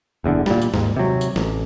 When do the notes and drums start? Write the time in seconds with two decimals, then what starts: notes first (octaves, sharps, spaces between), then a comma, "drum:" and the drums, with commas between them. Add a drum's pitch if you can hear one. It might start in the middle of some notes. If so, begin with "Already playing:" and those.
0.24 F#1 E2 G2 D3
0.46 A#2 G3, drum: snare
0.62 drum: tambourine
0.74 D#2 G#2, drum: snare
0.97 C3 F#3
1.21 drum: tambourine
1.36 A1, drum: snare